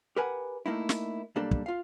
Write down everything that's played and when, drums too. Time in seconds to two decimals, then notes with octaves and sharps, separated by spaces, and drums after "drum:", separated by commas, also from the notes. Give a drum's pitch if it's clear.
0.16 G4 A#4 B4 F#5 G#5
0.66 A3 A#3 D#4 E4
0.89 drum: snare
1.36 B1 G3 A#3 D4 A4
1.51 drum: kick
1.66 F4 F5